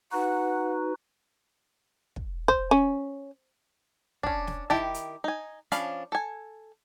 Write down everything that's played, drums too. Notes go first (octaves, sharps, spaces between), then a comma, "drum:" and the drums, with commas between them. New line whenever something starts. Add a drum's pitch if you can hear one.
D#4 F#4 B4 F#5
drum: kick
C5, drum: kick
C#4
C#4 D4, drum: kick
drum: snare
D#3 E4 G4 G5 A5, drum: snare
drum: hi-hat
D#4 G#5
F3 C#4 D4 F5 B5, drum: hi-hat
A4 G#5